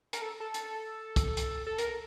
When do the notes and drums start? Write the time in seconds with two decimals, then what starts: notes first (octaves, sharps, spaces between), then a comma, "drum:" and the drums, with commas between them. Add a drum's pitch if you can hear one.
0.13 A#4, drum: hi-hat
0.22 A4
0.40 A4
0.54 drum: hi-hat
1.16 drum: kick, hi-hat
1.37 drum: hi-hat
1.67 A4
1.78 A#4, drum: hi-hat